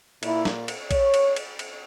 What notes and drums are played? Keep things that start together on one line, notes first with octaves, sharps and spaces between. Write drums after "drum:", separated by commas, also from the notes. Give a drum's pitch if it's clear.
A#2 A#3 E4, drum: cymbal
drum: snare
drum: cymbal
C#5, drum: kick A#1, cymbal
drum: cymbal
drum: cymbal
drum: cymbal